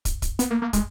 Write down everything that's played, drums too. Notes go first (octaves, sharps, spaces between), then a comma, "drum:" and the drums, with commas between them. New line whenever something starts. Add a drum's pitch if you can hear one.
drum: kick, hi-hat
drum: kick, hi-hat
B3, drum: hi-hat
A#3
A#3
G#3, drum: kick, hi-hat